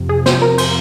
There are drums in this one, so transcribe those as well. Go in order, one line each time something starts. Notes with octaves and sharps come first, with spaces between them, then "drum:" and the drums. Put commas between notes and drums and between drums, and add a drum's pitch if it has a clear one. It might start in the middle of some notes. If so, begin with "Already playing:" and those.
Already playing: F2 C3 F3
G#4
C5, drum: snare
A#4
C5, drum: cymbal